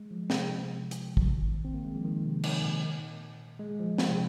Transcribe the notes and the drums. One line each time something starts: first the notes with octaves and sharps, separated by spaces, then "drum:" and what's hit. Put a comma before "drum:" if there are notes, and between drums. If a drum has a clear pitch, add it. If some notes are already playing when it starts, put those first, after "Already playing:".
Already playing: G#3
F3
C3, drum: snare
C3
drum: hi-hat
F3, drum: kick
D#3
C4
A#3
G#3
F3
D#3
C3
D#3, drum: cymbal
A#2
G#3
F3
F3, drum: snare
C3